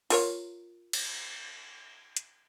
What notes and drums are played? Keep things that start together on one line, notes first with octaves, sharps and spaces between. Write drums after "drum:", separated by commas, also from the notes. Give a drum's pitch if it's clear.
F4 A#4 C#5, drum: open hi-hat
drum: cymbal
drum: hi-hat